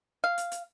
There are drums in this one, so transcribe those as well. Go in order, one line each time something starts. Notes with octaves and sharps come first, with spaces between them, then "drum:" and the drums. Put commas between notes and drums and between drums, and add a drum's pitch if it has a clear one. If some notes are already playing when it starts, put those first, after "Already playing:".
F5
drum: hi-hat
drum: hi-hat